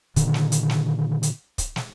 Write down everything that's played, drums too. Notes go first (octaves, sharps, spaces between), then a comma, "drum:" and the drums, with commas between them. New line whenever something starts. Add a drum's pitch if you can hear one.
A#2 D3 D#3, drum: kick, hi-hat
drum: snare
drum: hi-hat
drum: snare
drum: hi-hat
drum: kick, hi-hat
drum: snare